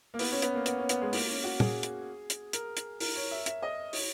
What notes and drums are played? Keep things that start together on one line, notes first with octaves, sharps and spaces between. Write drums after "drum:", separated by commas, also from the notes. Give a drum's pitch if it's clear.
A#3
B3, drum: open hi-hat
C#4
B3, drum: hi-hat
A#3
B3, drum: hi-hat
C#4
B3, drum: hi-hat
G#3
A#3, drum: open hi-hat
C#4
F#4
G#4, drum: tom
drum: hi-hat
drum: hi-hat
A#4, drum: hi-hat
drum: hi-hat
A#4, drum: open hi-hat
C#5
E5
E5, drum: hi-hat
D#5
C#5, drum: open hi-hat